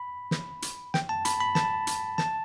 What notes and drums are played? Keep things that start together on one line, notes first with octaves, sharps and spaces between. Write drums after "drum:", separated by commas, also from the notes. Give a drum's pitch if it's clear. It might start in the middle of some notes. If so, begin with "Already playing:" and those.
Already playing: B5
drum: snare
drum: hi-hat
G5, drum: snare
A5
B5, drum: hi-hat
B5
A5, drum: snare
drum: hi-hat
A5, drum: snare